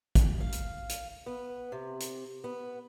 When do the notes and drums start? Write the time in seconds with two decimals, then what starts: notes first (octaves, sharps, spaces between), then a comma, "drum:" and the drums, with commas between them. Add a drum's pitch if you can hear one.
0.15 drum: kick, hi-hat
0.40 F5
0.52 drum: hi-hat
0.89 drum: hi-hat
1.26 B3
1.72 C3
2.00 drum: hi-hat
2.44 B3